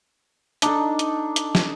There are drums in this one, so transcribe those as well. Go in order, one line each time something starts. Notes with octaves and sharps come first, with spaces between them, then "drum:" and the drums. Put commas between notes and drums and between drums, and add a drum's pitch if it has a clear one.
D4 D#4 A4, drum: hi-hat
drum: hi-hat
drum: hi-hat
drum: snare